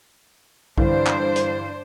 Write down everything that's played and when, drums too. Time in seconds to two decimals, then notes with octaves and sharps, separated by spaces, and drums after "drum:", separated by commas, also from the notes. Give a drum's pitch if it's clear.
0.78 G2 D3 E3 D4 C5, drum: kick B1
1.07 drum: clap
1.36 drum: hi-hat